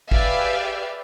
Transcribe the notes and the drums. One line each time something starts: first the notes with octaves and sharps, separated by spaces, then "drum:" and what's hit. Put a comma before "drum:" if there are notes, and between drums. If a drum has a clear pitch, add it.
G4 G#4 B4 D5 E5 F5, drum: kick